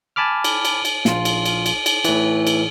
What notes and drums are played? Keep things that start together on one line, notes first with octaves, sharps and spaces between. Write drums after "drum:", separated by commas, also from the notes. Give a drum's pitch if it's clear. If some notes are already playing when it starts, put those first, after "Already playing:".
G#5 A5 B5 D6 F6
drum: cymbal
drum: cymbal
drum: cymbal
A#1 F4, drum: snare
drum: cymbal
drum: cymbal
drum: cymbal
drum: cymbal
A2 E3, drum: cymbal
drum: cymbal